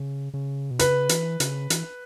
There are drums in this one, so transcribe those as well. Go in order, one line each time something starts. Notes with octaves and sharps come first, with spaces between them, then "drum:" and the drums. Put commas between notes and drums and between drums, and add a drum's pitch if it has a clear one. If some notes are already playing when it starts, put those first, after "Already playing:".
Already playing: C#3
C#3
B2
C#3 B4, drum: hi-hat
E3, drum: hi-hat
C#3, drum: hi-hat
E3, drum: hi-hat